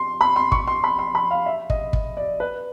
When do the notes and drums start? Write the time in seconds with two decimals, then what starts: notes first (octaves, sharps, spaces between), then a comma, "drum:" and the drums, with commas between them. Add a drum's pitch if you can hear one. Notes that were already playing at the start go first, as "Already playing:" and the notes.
Already playing: C6
0.21 B5
0.36 C6
0.52 C#6, drum: kick
0.67 C6
0.84 B5
0.99 C6
1.15 B5
1.31 F5
1.46 E5
1.70 D#5, drum: kick
1.93 drum: kick
2.17 D5
2.40 B4